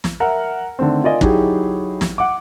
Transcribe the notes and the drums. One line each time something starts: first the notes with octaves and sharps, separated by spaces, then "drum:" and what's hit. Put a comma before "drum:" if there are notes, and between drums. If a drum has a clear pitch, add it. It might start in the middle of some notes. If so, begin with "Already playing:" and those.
drum: snare
A#4 E5 F#5 A#5
D3 D#3 A3 C4
F4 A#4 D5 D#5 G#5
F#3 D#4 E4 G4 G#4, drum: kick
drum: snare
F#5 D6